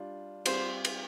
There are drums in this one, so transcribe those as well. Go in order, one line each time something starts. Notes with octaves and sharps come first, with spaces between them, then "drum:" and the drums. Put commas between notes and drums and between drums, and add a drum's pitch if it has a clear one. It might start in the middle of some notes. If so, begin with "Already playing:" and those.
Already playing: G3 D4 F4
G3 C4 F4 C5, drum: cymbal
drum: cymbal